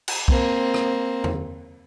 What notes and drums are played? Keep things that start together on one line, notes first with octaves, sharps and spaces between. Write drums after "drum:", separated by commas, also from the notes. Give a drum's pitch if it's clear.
drum: cymbal
A#3 C4, drum: kick
drum: rim click
drum: tom E2